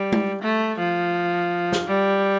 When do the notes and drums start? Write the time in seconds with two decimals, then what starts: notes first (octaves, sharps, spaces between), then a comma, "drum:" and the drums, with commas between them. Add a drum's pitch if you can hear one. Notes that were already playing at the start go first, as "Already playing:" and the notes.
Already playing: G3
0.12 drum: tom G#3
0.42 A3
0.79 F3
1.72 drum: snare
1.87 G3